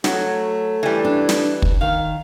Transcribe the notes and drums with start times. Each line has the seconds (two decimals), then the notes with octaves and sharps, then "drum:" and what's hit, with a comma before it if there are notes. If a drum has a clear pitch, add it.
0.04 F#3 A3, drum: snare
0.83 E3 G3
1.05 D4
1.29 drum: snare
1.62 drum: kick
1.81 D#3 F5